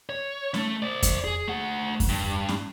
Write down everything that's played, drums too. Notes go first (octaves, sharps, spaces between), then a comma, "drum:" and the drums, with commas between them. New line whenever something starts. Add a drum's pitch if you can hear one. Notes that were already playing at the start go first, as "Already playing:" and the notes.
C#5
A3, drum: snare C#4
C5 D5
drum: kick F2, hi-hat
G#4
A3 F#5
drum: kick F2, open hi-hat
G2
drum: snare C#4